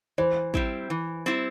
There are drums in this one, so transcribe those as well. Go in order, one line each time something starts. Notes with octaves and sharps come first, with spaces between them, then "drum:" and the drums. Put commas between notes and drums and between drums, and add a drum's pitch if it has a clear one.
E3 C5
G3 C4 E4, drum: kick
E3
G3 C4 E4